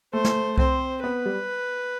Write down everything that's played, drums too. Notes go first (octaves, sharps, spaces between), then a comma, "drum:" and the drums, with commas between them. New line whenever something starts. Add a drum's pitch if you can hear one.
A3 C5
drum: snare
C4 C5, drum: kick C2
B3 B4
G3